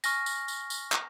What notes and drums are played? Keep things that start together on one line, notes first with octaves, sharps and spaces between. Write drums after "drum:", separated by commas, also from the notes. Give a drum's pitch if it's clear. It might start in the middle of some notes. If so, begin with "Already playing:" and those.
G#5 C#6 F6 A#6, drum: tambourine
drum: tambourine
drum: tambourine
drum: tambourine
drum: clap